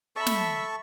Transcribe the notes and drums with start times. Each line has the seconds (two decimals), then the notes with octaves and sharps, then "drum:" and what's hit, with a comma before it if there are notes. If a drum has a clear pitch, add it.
0.16 A4 E5 A5 B5 C#6
0.26 drum: snare